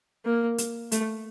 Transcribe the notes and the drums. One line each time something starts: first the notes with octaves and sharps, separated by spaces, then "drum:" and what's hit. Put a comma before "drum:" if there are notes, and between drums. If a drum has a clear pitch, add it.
A#3
drum: hi-hat
A3, drum: hi-hat